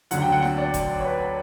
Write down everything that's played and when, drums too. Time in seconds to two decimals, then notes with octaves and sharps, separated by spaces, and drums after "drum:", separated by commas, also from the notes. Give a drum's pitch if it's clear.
0.11 D2 D3 F#3 F#5, drum: hi-hat
0.22 G5
0.32 F#5
0.43 drum: snare E4
0.58 D5
0.74 drum: kick F#1, hi-hat
1.00 C#5
1.05 B4